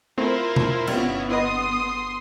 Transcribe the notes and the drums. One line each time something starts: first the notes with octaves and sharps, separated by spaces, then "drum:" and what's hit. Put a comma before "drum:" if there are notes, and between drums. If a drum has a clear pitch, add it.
A3 C4 E4 F4 A#4 C5
drum: tom B2
G1 C3 G3 B3 C#4 F4, drum: cymbal
E4 B4 D#5 C6 D#6